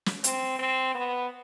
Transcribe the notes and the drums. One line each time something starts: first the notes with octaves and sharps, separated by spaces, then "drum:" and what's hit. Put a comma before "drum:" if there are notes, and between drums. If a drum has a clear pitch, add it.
drum: snare
C4, drum: hi-hat
C4
B3